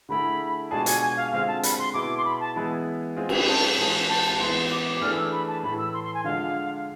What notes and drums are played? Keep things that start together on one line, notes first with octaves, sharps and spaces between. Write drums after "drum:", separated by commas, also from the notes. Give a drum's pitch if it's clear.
D3 A3 E4 G#4 B5
B2 G#3 D4 F4 G#4 A5
G#5, drum: hi-hat
G#5
F5
D3 G#3 C4 F4 G#4 F5
A5
B5, drum: hi-hat
C6
B2 B3 E4 G#4 D6
C6
B5
A5
E3 G#3 B3 E4 G#4
G#3 C4 F4 G#4
drum: cymbal
A5
E3 G#3 C4 F4 G#4
A5
A5
E3 G#3 B3 C6
D6
E3 A3 D4 G#4 F6
E6
B5
A5
A2 E3 A3 B5
E6
C6
C6
G#5
D3 F3 G#3 D4 F4 F5